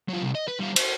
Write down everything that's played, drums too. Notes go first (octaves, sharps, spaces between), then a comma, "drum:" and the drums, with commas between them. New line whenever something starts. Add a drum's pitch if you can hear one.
F#3 F4
C2
D#5
B4
G3 F4
C5, drum: cymbal